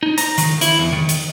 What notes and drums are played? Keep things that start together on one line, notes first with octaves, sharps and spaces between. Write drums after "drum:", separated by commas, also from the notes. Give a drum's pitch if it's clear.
D#4
A#5, drum: hi-hat
D#3, drum: hi-hat
E4, drum: hi-hat
E2
D#3
drum: hi-hat